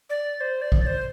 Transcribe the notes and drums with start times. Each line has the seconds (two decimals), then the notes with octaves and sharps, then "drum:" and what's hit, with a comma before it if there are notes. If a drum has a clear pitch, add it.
0.10 D5
0.41 C5
0.62 D5
0.72 drum: kick A#1
0.82 D5
0.87 C5